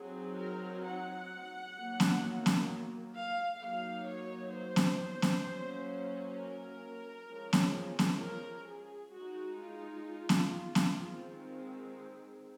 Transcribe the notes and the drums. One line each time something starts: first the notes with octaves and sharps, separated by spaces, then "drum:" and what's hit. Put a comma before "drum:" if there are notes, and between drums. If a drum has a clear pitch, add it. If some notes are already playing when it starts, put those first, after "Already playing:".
Already playing: F#3 C4 D#4 G#4
A#4
F#5
D#3 F#3 A#3
drum: snare B3
drum: snare B3
F5
F#3 A#3 D#4 F5
C#5
C5
drum: snare B3
drum: snare B3
F#3 A#3 C#4
A#4
F3 G#3 C#4
drum: snare B3
drum: snare B3
A#4
G#4
G#3 D#4 F#4
F4
drum: snare B3
drum: snare B3
D#3 G#3 C4